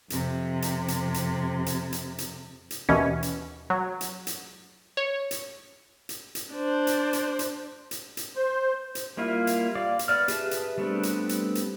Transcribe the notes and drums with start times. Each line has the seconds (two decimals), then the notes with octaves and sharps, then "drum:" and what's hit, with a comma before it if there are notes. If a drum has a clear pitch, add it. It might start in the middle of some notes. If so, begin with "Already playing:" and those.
0.10 F2 C3, drum: hi-hat
0.62 drum: hi-hat
0.88 drum: hi-hat
1.14 drum: hi-hat
1.66 drum: hi-hat
1.92 drum: hi-hat
2.18 drum: hi-hat
2.71 drum: hi-hat
2.89 D#2 B2 E3 C#4
3.23 drum: hi-hat
3.70 F#3
4.01 drum: hi-hat
4.27 drum: hi-hat
4.97 C#5
5.31 drum: hi-hat
6.09 drum: hi-hat
6.35 drum: hi-hat
6.54 D4 C5
6.87 drum: hi-hat
7.13 drum: hi-hat
7.39 drum: hi-hat
7.91 drum: hi-hat
8.17 drum: hi-hat
8.36 C5
8.95 drum: hi-hat
9.17 G3 A#3 E4 F4
9.47 drum: hi-hat
9.75 D5 F5 D6
9.99 drum: hi-hat
10.08 B3 D5 F6
10.28 G4 G#4 B4 E5 A5, drum: hi-hat
10.51 drum: hi-hat
10.78 G3 A3 B3 C4 D4
11.03 drum: hi-hat
11.29 drum: hi-hat
11.55 drum: hi-hat